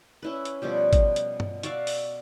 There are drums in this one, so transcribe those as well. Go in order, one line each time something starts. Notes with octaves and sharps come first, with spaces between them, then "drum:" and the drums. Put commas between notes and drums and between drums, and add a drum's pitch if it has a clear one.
C#4 E4 B4
drum: hi-hat
B2 F3 G3 G4
drum: kick G#1, hi-hat
drum: hi-hat
drum: tom G2
F#4 D5 E5 F5, drum: hi-hat
drum: open hi-hat